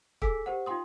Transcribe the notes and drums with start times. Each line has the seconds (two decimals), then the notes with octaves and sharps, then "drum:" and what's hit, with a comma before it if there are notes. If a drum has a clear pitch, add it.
0.22 G#4 A4 G#5 D6 E6 B6, drum: kick
0.46 G4 A#4 C5 F#5
0.66 D#4 F4 F5 G5 C6 D#6